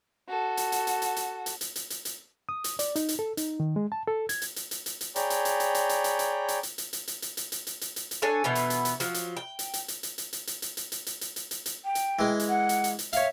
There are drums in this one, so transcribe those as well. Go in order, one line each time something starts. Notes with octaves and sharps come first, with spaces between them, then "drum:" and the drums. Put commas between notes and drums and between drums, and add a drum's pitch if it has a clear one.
F#4 A4
drum: hi-hat
drum: hi-hat
drum: hi-hat
drum: hi-hat
drum: hi-hat
drum: hi-hat
drum: hi-hat
drum: hi-hat
drum: hi-hat
drum: hi-hat
D#6
drum: hi-hat
D5, drum: hi-hat
D#4, drum: hi-hat
drum: hi-hat
A4
D#4, drum: hi-hat
D#3
G#3
A5
A4
G#6, drum: hi-hat
drum: hi-hat
drum: hi-hat
drum: hi-hat
drum: hi-hat
drum: hi-hat
G#4 C#5 D5 G5 A#5 B5, drum: hi-hat
drum: hi-hat
drum: hi-hat
drum: hi-hat
drum: hi-hat
drum: hi-hat
drum: hi-hat
drum: hi-hat
drum: hi-hat
drum: hi-hat
drum: hi-hat
drum: hi-hat
drum: hi-hat
drum: hi-hat
drum: hi-hat
drum: hi-hat
drum: hi-hat
drum: hi-hat
drum: hi-hat
drum: hi-hat
D4 A4 C#5 G#5
B2 E3 B3
drum: hi-hat
drum: hi-hat
drum: hi-hat
F3 F#3, drum: hi-hat
drum: hi-hat
G5
drum: hi-hat
drum: hi-hat
drum: hi-hat
drum: hi-hat
drum: hi-hat
drum: hi-hat
drum: hi-hat
drum: hi-hat
drum: hi-hat
drum: hi-hat
drum: hi-hat
drum: hi-hat
drum: hi-hat
drum: hi-hat
drum: hi-hat
G5
drum: hi-hat
E3 G#3
drum: hi-hat
F#5
drum: hi-hat
drum: hi-hat
drum: hi-hat
C#5 E5 F5, drum: hi-hat